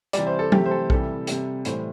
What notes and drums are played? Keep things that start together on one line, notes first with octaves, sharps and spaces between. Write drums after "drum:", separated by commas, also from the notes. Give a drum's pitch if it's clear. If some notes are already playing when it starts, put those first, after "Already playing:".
C3 E3 G3 D5, drum: hi-hat
C5
A4
C3 E3 A3 G4, drum: tom F#3
C5
A4
C3 E3 G3 A4, drum: kick A#1
C3 G3, drum: hi-hat
A2 E3 G3 C5, drum: hi-hat